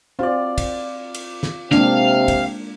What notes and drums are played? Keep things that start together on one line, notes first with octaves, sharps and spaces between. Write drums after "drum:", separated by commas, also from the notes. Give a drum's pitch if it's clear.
C4 F4 F#4 D5
drum: kick, cymbal
drum: cymbal
drum: snare
C3 G#3 A#3 C4 D4 F5, drum: snare
drum: kick, cymbal